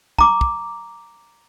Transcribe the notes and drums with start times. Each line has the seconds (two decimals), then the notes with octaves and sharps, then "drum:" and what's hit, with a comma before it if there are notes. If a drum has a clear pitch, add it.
0.18 A#5 D6, drum: kick
0.41 drum: kick